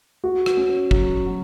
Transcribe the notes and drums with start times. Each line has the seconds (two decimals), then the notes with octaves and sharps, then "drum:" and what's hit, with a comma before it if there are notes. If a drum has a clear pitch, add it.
0.24 F#4
0.46 drum: rim click
0.57 C#4
0.91 F#3, drum: kick
1.26 F#3